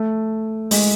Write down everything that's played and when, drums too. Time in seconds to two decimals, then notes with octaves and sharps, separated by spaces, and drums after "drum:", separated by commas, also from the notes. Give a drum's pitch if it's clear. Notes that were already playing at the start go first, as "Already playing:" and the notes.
Already playing: A3
0.71 G#3, drum: open hi-hat